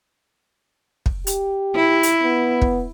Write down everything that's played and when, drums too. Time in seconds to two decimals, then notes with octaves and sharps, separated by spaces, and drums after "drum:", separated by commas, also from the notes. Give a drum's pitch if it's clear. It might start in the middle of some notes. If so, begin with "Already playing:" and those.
1.06 drum: kick
1.27 G4, drum: hi-hat
1.75 E4
2.03 drum: hi-hat
2.23 B3
2.62 drum: kick